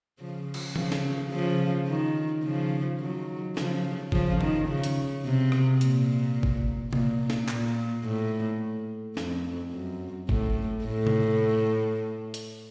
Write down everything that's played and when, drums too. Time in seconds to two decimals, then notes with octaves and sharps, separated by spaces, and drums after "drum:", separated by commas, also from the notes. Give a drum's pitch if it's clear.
0.20 C#3 F3
0.54 drum: cymbal
0.76 C#3 F3, drum: tom D#3
0.92 drum: snare
1.32 C#3 F3
1.88 D#3
2.44 C#3 F3
3.01 D#3 F#3
3.57 C#3 F3, drum: snare
4.12 C#3 F3, drum: kick G1
4.41 D#3, drum: tom A#2
4.69 C#3
4.84 drum: hi-hat
5.24 C3
5.52 drum: rim click
5.81 A#2, drum: hi-hat
6.43 drum: kick G1
6.93 A#2, drum: tom C3
7.30 drum: snare
7.48 A#2, drum: clap
8.05 A2
9.17 F2, drum: snare
9.73 F#2
10.29 A2, drum: kick G1
10.84 A2
11.07 drum: tom C3
12.34 drum: hi-hat